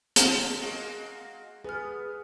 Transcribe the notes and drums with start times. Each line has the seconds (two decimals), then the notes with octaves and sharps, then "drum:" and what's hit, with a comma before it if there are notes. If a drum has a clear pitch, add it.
0.16 drum: hi-hat
0.60 G#3 A#3 F#4
1.64 B3 G#4 B4 F6